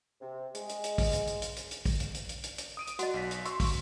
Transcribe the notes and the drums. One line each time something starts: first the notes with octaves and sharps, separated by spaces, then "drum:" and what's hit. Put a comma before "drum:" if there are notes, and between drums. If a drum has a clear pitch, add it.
C3
G#3, drum: hi-hat
drum: hi-hat
drum: hi-hat
drum: kick, open hi-hat
drum: hi-hat
drum: hi-hat
drum: hi-hat
drum: hi-hat
drum: hi-hat
drum: kick, open hi-hat
drum: hi-hat
drum: hi-hat
drum: hi-hat
drum: hi-hat
drum: hi-hat
D#6 D7 D#7
drum: hi-hat
F#4 D#5 F#5, drum: hi-hat
B1 B6
drum: hi-hat
C6 C#6 E6, drum: hi-hat
drum: kick, open hi-hat